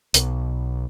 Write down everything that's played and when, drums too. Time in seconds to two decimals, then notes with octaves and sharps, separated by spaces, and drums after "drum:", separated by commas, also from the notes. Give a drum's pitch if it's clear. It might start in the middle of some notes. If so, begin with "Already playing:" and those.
0.14 B1, drum: hi-hat